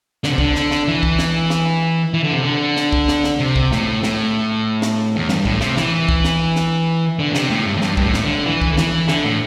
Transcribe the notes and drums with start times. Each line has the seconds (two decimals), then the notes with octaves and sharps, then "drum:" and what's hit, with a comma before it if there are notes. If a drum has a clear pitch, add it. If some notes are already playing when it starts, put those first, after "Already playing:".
0.24 D3, drum: snare
0.30 C3
0.38 D3, drum: kick
0.55 drum: snare
0.71 drum: snare
0.88 E3
1.03 drum: kick
1.19 drum: snare
1.50 drum: snare
2.14 E3
2.23 D3
2.33 C3
2.42 D3
2.77 drum: snare
2.93 drum: kick
3.08 drum: snare
3.24 drum: snare
3.40 C3
3.56 drum: kick
3.72 A2, drum: snare
4.03 A2, drum: snare
4.82 drum: snare
5.16 E2
5.29 G2, drum: snare
5.45 A2, drum: kick
5.61 C3, drum: snare
5.77 E3, drum: snare
6.09 drum: kick
6.24 drum: snare
6.56 drum: snare
7.19 D3
7.31 A2
7.35 C3, drum: snare
7.50 A2
7.67 G2
7.77 E2
7.82 G2, drum: snare
7.97 G2, drum: kick
8.03 A2
8.14 drum: snare
8.24 D3
8.46 E3
8.61 drum: kick
8.72 D3
8.77 E3, drum: snare
9.08 D3, drum: snare
9.24 A2